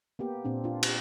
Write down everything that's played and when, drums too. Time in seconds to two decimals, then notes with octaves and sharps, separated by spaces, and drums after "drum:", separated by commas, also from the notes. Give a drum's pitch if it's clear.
0.19 A#3 B3 G4
0.45 A#2 C4 D4
0.64 D4 F4
0.83 G4, drum: cymbal